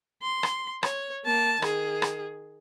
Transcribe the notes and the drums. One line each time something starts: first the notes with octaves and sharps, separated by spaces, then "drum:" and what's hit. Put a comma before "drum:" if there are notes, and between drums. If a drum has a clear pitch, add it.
C6
drum: rim click
C#5, drum: rim click
A#3 A5
D#3 G#4, drum: rim click
drum: rim click